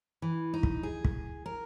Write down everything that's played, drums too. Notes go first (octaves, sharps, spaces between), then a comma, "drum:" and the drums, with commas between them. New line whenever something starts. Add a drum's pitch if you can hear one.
E3
D#4
drum: kick
G#4
drum: kick
A#4